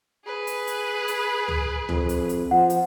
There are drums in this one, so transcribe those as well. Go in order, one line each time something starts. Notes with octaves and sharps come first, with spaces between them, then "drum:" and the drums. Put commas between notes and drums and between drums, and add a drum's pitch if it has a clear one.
G#4 B4
drum: hi-hat
drum: hi-hat
drum: hi-hat
drum: tom C#2
F2, drum: tom C#2
drum: hi-hat
drum: hi-hat
F3 F#5
drum: hi-hat